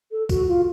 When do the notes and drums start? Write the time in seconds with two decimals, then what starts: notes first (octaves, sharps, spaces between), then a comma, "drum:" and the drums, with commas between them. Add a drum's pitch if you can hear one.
0.11 A4
0.29 F#4, drum: kick, tambourine
0.48 F4